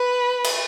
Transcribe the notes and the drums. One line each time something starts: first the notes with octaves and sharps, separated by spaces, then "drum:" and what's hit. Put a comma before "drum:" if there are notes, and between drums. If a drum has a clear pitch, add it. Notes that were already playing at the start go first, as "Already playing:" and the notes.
Already playing: B4
drum: cymbal